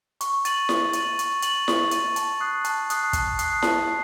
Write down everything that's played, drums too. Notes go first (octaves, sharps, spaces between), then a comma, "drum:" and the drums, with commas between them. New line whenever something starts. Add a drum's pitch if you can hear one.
C#6, drum: hi-hat
A6 D#7 F#7, drum: hi-hat
C#6, drum: snare E4
A6 D#7 F#7, drum: hi-hat
C#6, drum: hi-hat
A6 D#7 F#7, drum: hi-hat
C#6, drum: snare E4
A6 D#7 F#7, drum: hi-hat
A5, drum: hi-hat
D#6 F#6 C7
A5, drum: hi-hat
D#6 F#6 C7, drum: hi-hat
A5, drum: kick, hi-hat
D#6 F#6 C7, drum: hi-hat
A5, drum: snare E4
C7